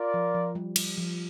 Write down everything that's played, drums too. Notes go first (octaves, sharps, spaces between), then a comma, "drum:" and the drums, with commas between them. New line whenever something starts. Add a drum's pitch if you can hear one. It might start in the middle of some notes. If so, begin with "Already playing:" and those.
Already playing: F4 A#4 D5
F3
F3
G3
G3, drum: cymbal
F3